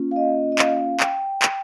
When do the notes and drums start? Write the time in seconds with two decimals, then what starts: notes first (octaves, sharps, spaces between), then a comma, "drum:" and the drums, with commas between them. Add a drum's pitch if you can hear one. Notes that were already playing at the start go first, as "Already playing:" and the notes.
Already playing: A#3 C#4 F4
0.11 F5
0.16 D#5
0.52 D#5
0.59 F5, drum: clap
1.00 G5, drum: clap
1.42 drum: clap